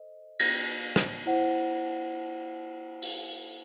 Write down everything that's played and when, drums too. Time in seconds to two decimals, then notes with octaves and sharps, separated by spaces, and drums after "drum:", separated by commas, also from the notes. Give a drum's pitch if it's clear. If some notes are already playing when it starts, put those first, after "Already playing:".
Already playing: A4 C5 D#5
0.39 drum: cymbal
0.96 drum: rim click
1.26 E4 C5 F#5
3.02 drum: open hi-hat